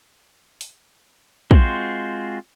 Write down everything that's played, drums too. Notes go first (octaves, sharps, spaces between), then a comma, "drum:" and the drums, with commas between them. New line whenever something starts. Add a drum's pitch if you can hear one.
drum: open hi-hat
G#3 C4 F4 F#4 C5, drum: kick